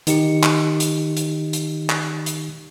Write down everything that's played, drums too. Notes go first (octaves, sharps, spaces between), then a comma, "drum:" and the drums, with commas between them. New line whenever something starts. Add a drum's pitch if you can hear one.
D#3 D#4 G4 C#7, drum: hi-hat
drum: clap
drum: hi-hat
drum: hi-hat
drum: hi-hat
drum: clap
drum: hi-hat